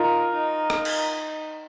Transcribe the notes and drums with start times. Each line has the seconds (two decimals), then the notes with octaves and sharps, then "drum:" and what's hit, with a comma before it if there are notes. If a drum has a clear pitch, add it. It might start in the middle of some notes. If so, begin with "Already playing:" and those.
Already playing: D#4 F4 A#4
0.32 D#4
0.70 drum: rim click
0.85 drum: cymbal